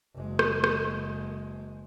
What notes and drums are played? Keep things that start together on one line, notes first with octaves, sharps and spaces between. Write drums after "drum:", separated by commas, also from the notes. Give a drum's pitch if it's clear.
F#1 G#3
drum: rim click
drum: rim click